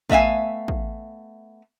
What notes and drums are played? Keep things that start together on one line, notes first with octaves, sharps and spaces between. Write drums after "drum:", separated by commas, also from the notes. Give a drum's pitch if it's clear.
A3 B3 E5 F5 G#5, drum: kick
drum: kick